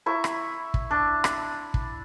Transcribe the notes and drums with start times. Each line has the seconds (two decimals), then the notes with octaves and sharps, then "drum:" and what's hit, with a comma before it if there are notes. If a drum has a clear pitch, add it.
0.06 E4 A#5 C#6
0.24 drum: rim click
0.74 drum: kick
0.91 D4
1.24 drum: rim click
1.74 drum: kick